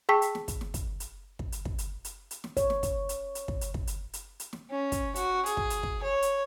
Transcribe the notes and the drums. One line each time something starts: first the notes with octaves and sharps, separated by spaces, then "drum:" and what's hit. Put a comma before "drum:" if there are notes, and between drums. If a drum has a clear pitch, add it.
G#4 G5 A5 C#6 E6 B6
drum: hi-hat
drum: snare
drum: kick, hi-hat
drum: snare
drum: kick, hi-hat
drum: hi-hat
drum: kick
drum: hi-hat
drum: kick
drum: hi-hat
drum: hi-hat
drum: hi-hat
drum: snare
C#5, drum: kick, hi-hat
drum: snare
drum: kick, hi-hat
drum: hi-hat
drum: hi-hat
drum: kick
drum: hi-hat
drum: kick
drum: hi-hat
drum: hi-hat
drum: hi-hat
drum: snare
C#4
drum: kick, hi-hat
F#4, drum: hi-hat
G#4, drum: hi-hat
drum: kick
drum: hi-hat
drum: kick
C#5
drum: hi-hat